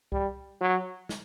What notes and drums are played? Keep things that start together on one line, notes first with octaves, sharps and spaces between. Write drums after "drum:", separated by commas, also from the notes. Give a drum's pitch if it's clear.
G3, drum: kick C2
F#3
drum: snare